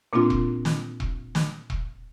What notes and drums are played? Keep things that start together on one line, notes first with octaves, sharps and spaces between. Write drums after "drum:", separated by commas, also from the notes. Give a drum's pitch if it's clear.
A#2 A#3 C4 D4 F4
drum: kick E1
drum: snare
drum: kick E1
drum: snare
drum: kick E1